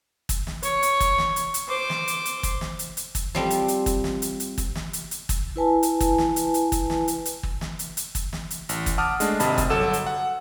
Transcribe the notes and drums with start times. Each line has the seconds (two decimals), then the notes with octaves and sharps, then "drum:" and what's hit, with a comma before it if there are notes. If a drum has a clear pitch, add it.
0.29 drum: kick, hi-hat
0.47 drum: snare
0.63 C#5, drum: hi-hat
0.83 drum: hi-hat
1.00 drum: kick, hi-hat
1.18 drum: snare
1.36 drum: hi-hat
1.54 drum: hi-hat
1.68 C5 D6
1.90 drum: snare
2.08 drum: hi-hat
2.25 drum: hi-hat
2.43 drum: kick, hi-hat
2.61 drum: snare
2.79 drum: hi-hat
2.97 drum: hi-hat
3.15 drum: kick, hi-hat
3.35 F3 G3 C4, drum: snare
3.50 drum: hi-hat
3.68 drum: hi-hat
3.86 drum: kick, hi-hat
4.04 drum: snare
4.22 drum: hi-hat
4.40 drum: hi-hat
4.58 drum: kick, hi-hat
4.75 drum: snare
4.93 drum: hi-hat
5.11 drum: hi-hat
5.29 drum: kick, hi-hat
5.56 E4 B4 G#5 A5
5.83 drum: hi-hat
6.00 drum: kick, hi-hat
6.18 drum: snare
6.36 drum: hi-hat
6.54 drum: hi-hat
6.72 drum: kick, hi-hat
6.90 drum: snare
7.08 drum: hi-hat
7.25 drum: hi-hat
7.43 drum: kick
7.61 drum: snare
7.79 drum: hi-hat
7.97 drum: hi-hat
8.15 drum: kick, hi-hat
8.33 drum: snare
8.51 drum: hi-hat
8.69 A1, drum: hi-hat
8.86 drum: kick, hi-hat
8.98 F#5 A5 D6 D#6 F6
9.20 G#3 A3 D4, drum: hi-hat
9.40 G#1 C3 D#5 A5 B5, drum: hi-hat
9.58 drum: kick, hi-hat
9.70 G1 F#3 A4 F#5 E6 E7
9.93 drum: hi-hat
10.06 F#5